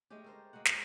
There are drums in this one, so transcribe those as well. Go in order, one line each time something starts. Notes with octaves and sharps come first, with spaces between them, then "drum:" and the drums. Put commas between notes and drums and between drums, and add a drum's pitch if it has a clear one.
G#3 A3 C#4 G4
A4 A#4 C5
G#3 A#3 F#4 F#5
C#4, drum: snare